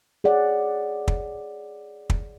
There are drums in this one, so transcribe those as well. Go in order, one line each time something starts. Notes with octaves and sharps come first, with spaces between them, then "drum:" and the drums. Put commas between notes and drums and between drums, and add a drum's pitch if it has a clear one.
G#4 C#5 D5 F#5
drum: kick
drum: kick